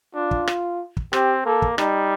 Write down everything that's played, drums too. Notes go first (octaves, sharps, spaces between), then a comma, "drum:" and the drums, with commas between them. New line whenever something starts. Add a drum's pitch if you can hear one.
D4 F4
drum: kick
drum: rim click
drum: kick
C4 G4, drum: rim click
A#3 A4
drum: kick
G3 D#4, drum: rim click